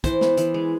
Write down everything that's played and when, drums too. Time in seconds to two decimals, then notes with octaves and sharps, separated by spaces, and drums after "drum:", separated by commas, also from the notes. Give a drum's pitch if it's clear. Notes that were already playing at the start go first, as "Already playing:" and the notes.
0.04 E3 C5, drum: kick, hi-hat
0.21 B3, drum: snare
0.37 E3, drum: hi-hat
0.54 G#3